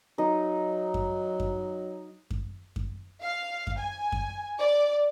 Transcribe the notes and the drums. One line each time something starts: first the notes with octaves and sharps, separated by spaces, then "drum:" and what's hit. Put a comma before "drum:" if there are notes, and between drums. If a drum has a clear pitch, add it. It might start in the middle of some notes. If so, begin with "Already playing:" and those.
F#3 D#4
drum: kick F#2
drum: kick F#2
drum: kick F#2
drum: kick F#2
F5
drum: kick F#2
G#5
drum: kick F#2
D5